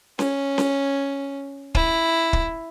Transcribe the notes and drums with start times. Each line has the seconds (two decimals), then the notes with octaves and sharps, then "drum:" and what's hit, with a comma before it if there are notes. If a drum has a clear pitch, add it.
0.19 C#4, drum: snare C#4
0.58 drum: snare C#4
1.75 E4, drum: kick
2.33 drum: kick